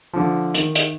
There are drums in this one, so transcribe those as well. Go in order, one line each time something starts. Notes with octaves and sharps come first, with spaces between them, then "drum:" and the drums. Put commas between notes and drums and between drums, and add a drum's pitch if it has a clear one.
D3 F3
D#3, drum: hi-hat
drum: hi-hat